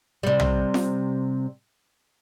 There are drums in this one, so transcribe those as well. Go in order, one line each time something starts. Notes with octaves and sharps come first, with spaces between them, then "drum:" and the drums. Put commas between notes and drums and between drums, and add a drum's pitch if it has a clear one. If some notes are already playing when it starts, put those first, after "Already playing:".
C3 G3
drum: tom B1
drum: snare F4